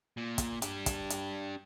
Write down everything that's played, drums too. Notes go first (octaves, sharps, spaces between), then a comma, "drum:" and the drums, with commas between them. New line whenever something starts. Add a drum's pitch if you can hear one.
A#2
drum: kick, hi-hat
D4 G4, drum: hi-hat
drum: kick, hi-hat
drum: hi-hat